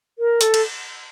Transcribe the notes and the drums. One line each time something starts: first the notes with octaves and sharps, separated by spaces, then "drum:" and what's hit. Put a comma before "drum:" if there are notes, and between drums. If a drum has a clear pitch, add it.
A#4
A4, drum: hi-hat
drum: cymbal